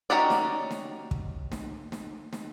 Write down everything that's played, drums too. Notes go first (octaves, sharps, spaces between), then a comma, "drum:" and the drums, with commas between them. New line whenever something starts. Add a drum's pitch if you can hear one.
C#4 D#4 F#4 G4 D5
drum: snare
drum: snare
drum: kick
drum: snare
drum: snare
drum: snare